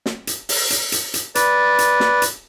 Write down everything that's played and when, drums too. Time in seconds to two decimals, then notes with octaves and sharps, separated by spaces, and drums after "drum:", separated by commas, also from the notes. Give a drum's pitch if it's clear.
0.06 drum: snare
0.27 drum: hi-hat
0.49 drum: open hi-hat
0.70 drum: hi-hat
0.92 drum: hi-hat
1.14 drum: hi-hat
1.35 B4 D5, drum: hi-hat
1.79 drum: hi-hat
2.00 drum: snare
2.22 drum: hi-hat